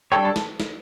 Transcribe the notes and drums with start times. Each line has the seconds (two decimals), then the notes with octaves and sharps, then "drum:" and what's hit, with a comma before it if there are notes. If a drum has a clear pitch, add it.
0.12 G3 D4 A4 C#5 G5
0.25 A5
0.36 drum: snare
0.60 drum: snare